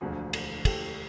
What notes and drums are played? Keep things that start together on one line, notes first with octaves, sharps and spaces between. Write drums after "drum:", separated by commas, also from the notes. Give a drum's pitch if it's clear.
E1 D2 D3 F3 F#4 G#4
drum: cymbal
G4 A4, drum: kick, cymbal